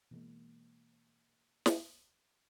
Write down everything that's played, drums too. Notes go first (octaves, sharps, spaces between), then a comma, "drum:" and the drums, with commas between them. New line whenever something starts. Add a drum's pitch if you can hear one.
B2 E3 G#3 A#3
drum: snare